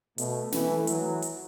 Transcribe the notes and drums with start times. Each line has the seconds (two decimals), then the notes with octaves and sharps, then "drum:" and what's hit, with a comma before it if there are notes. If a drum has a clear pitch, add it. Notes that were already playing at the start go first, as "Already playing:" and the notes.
0.18 B2 A3, drum: hi-hat
0.52 E3 A3, drum: snare
0.87 E3 F#3, drum: hi-hat
1.22 drum: hi-hat